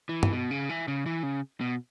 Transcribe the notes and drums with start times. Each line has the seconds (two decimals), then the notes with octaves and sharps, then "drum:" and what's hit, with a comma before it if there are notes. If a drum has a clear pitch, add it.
0.09 E3
0.23 drum: tom
0.32 B2
0.51 C#3
0.69 E3
0.88 C#3
1.06 E3
1.23 C#3
1.61 B2